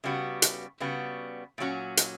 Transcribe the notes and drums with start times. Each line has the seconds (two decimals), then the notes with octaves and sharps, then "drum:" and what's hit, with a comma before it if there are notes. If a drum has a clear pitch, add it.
0.04 C#3 G3 B3 F#4
0.42 drum: hi-hat
0.80 C#3 G3 B3 F#4
1.58 A#2 F#3 C#4 F#4
1.97 drum: hi-hat